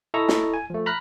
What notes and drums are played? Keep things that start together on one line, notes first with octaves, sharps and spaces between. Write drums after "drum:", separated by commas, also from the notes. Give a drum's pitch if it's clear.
E4 A4 D#5 A#5 C#6
drum: snare
G#5
F3 A3
A#5 B5 F6 F#6